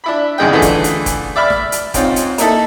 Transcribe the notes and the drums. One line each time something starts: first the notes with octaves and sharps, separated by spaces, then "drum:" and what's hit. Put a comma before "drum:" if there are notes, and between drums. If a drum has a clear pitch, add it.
D4 E4 B5
G#1 F#2 C#3 G#4 D#5 G5
D3 E3 A3 F4 G#4
drum: kick F1, hi-hat
drum: hi-hat
drum: kick F1, hi-hat
D5 E5 B5 F6
drum: snare
drum: hi-hat
G#2 C4 C#4 F4, drum: kick F1, hi-hat
drum: hi-hat
A#3 D#4 E4 A4, drum: hi-hat